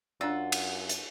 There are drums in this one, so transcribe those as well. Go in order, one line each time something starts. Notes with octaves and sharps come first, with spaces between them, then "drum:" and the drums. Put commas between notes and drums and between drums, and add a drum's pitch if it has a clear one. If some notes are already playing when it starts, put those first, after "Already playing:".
F#2 D4 F4 D5 F#5 E6
drum: cymbal
drum: hi-hat